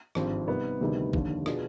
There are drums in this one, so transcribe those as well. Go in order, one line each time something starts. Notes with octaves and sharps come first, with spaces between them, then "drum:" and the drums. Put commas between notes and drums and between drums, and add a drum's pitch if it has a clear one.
G#1 G2 F3 C4 G4, drum: rim click
C3 G3 B3 D#4
D2 C3 D#3 G3 B3
F1 D#2 D3, drum: kick
B2 B3 D4 F4 G#4, drum: rim click